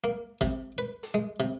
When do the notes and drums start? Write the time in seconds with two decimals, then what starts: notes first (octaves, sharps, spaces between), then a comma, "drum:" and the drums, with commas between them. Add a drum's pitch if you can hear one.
0.04 A#3
0.41 C3, drum: kick, hi-hat
0.78 B4
1.03 drum: hi-hat
1.14 G#3
1.40 C3